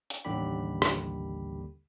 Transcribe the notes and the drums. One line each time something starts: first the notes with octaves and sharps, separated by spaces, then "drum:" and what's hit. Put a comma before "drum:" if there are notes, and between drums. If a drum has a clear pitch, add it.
drum: hi-hat
A1 D#2 D3 G3 G4 B5
drum: rim click